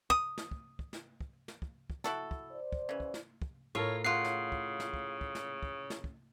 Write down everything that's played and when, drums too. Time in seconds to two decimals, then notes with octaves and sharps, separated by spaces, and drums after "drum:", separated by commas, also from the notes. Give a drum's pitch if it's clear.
0.10 D#6, drum: kick
0.38 drum: snare
0.51 drum: kick
0.79 drum: kick
0.93 drum: snare
1.21 drum: kick
1.48 drum: snare
1.62 drum: kick
1.90 drum: kick
2.04 E4 F#4 A4, drum: snare
2.31 drum: kick
2.51 C5 D5
2.72 drum: kick
2.89 C#3 E3
3.00 drum: kick
3.14 drum: snare
3.42 drum: kick
3.75 A2 F4 A4 A#4 C#5
4.04 C#3 F4 F#5 C7
4.24 drum: snare
4.52 drum: kick
4.80 drum: snare
4.94 drum: kick
5.21 drum: kick
5.35 drum: snare
5.63 drum: kick
5.90 drum: snare
6.04 drum: kick